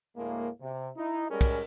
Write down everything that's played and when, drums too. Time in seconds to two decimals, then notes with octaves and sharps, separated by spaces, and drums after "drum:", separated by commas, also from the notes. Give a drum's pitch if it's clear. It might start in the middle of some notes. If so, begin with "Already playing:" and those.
0.16 D2 A2 G#3 A#3
0.60 C3
0.96 D#4 E4
1.29 G3 G#3 C#4 G#4 A#4
1.41 drum: kick, cymbal